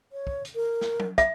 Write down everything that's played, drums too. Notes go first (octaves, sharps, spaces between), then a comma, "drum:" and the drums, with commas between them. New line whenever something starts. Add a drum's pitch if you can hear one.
C#5
drum: kick
drum: hi-hat
A#4
drum: snare
drum: tom F#3
E5, drum: kick, hi-hat